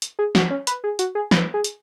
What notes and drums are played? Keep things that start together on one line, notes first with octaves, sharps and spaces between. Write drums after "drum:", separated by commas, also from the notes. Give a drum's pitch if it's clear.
drum: hi-hat
G#4
F#4, drum: snare
C#4
B4, drum: hi-hat
G#4
F#4, drum: hi-hat
G#4
B4, drum: snare
G#4
drum: hi-hat